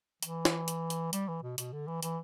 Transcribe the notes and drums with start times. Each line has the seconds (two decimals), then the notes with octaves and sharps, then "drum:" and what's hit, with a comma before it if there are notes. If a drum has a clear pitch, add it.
0.23 E3, drum: hi-hat
0.45 drum: snare
0.68 drum: hi-hat
0.90 drum: hi-hat
1.13 G3, drum: hi-hat
1.28 E3
1.43 B2
1.58 B2, drum: hi-hat
1.73 D3
1.88 E3
2.03 E3, drum: hi-hat